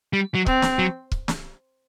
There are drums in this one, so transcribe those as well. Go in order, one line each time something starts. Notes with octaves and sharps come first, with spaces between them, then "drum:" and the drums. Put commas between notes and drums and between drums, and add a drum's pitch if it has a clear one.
G3
F#3
C4, drum: kick
drum: snare
F#3
drum: kick
drum: snare